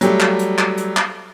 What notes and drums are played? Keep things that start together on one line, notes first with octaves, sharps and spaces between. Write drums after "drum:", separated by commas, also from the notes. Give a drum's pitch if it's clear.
F#3 G3 A3, drum: hi-hat
drum: clap
drum: hi-hat
drum: clap
drum: hi-hat
drum: clap